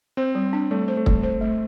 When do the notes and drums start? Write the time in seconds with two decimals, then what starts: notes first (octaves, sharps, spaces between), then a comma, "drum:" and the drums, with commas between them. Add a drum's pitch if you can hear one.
0.17 C4 C5
0.35 G3
0.53 D4
0.71 G3 A3
0.88 C5
0.97 A3
1.06 G3, drum: kick
1.23 C5
1.41 A3